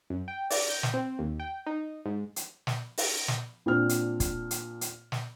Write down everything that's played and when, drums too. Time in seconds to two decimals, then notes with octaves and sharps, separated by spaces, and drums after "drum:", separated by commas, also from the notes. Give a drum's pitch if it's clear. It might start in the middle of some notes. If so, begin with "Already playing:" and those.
0.10 F#2
0.28 G5
0.50 D5, drum: open hi-hat
0.69 G6
0.83 drum: snare
0.94 C4
1.19 D#2
1.40 G5
1.67 D#4
2.06 G#2
2.36 drum: hi-hat
2.67 drum: snare
2.97 drum: open hi-hat
3.28 drum: snare
3.66 A#2 C4 D4 F6
3.89 drum: hi-hat
4.20 drum: kick, hi-hat
4.51 drum: hi-hat
4.81 drum: hi-hat
5.12 drum: snare